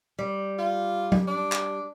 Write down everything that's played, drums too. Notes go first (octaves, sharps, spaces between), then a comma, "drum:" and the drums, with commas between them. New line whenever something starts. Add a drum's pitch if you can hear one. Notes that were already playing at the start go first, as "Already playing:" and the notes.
G3
F4
drum: tom F#3
D4
drum: clap